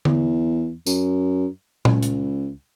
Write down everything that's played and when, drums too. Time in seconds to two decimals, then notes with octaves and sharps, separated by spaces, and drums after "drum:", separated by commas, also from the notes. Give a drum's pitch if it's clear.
0.05 E2, drum: tom D3
0.86 F#2, drum: tambourine
1.85 C#2, drum: tom A#2
2.03 drum: hi-hat